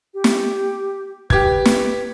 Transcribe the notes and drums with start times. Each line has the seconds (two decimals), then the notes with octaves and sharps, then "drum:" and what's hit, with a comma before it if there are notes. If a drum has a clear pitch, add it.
0.14 G4
0.24 drum: snare
1.30 G4 B4 G#6, drum: kick
1.65 drum: snare